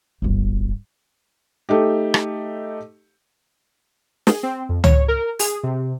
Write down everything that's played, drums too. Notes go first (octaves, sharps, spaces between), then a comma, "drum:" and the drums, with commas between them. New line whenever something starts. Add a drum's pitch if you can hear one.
D1 G1
A3 D#4 G4
drum: rim click
G#4, drum: snare
C4
F2
C#5, drum: tom C#2
A#4
G#4, drum: open hi-hat
C3